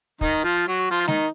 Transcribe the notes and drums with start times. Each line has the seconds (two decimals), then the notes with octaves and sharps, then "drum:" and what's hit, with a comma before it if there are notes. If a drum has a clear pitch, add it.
0.21 D#3 D#4, drum: kick
0.44 F3 F4
0.67 F#3 F#4
0.91 F3 F4
1.08 D#3 D#4, drum: snare G#3